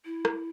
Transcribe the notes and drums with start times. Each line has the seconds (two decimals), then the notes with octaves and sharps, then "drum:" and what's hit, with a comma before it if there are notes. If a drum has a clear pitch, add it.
0.05 E4
0.25 drum: rim click